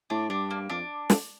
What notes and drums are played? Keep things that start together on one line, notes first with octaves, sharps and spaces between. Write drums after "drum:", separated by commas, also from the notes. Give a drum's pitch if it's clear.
A2 D4
G2 D4
A#3
F2 D4
drum: snare